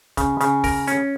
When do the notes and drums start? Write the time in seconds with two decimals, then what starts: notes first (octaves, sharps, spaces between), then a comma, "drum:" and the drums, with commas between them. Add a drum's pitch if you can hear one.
0.17 C#3, drum: kick, hi-hat
0.41 C#3, drum: hi-hat
0.64 A#4, drum: kick, open hi-hat
0.88 C#4, drum: hi-hat